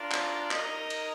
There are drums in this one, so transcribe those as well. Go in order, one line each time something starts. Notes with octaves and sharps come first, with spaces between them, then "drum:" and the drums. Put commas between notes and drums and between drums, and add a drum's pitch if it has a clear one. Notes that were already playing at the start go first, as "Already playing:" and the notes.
Already playing: D4 F4 A#4 D5
drum: clap
D#4 A#4 D#5, drum: clap
drum: cymbal